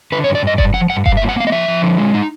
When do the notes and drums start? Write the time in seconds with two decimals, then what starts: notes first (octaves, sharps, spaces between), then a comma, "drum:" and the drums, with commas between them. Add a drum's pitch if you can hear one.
0.12 D3 B4
0.24 C#5
0.28 G2
0.35 D5
0.43 G2 D#5
0.58 G2 D5, drum: kick F#1
0.74 F3 F#5
0.90 G2 F#5
1.06 G2 F5, drum: kick F#1
1.17 E5
1.22 A#3
1.29 F#5
1.37 A#3 F5
1.47 D#5
1.52 F3 E5
1.68 F3
1.83 D3
1.98 G#3
2.14 D#4